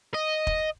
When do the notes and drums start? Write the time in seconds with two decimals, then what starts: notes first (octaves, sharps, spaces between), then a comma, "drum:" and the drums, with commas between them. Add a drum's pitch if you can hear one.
0.14 D#5
0.47 drum: kick